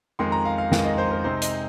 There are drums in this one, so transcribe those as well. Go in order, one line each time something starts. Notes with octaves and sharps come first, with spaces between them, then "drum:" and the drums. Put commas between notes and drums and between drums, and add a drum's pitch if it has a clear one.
F2 D#3 G#3 C6
A#5
F5
F5
F2 D#3 G#3 F5, drum: snare
D#5
C5
A#4
C3 G#3 C4 D#4 C5
D#5, drum: hi-hat